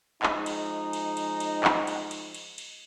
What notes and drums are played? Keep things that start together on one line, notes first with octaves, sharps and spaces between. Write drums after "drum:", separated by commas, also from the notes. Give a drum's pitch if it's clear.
F3 G#3 D#4, drum: clap
drum: cymbal
drum: cymbal
drum: cymbal
drum: cymbal
drum: clap
drum: cymbal
drum: cymbal
drum: cymbal
drum: cymbal